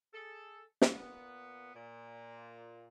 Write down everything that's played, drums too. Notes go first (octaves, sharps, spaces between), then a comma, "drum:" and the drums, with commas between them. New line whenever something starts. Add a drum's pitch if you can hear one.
G#4 A4
drum: snare
A#2 B3
A#2